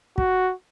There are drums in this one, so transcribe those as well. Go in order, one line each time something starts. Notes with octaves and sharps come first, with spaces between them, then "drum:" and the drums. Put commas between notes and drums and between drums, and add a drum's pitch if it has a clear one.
F#4, drum: kick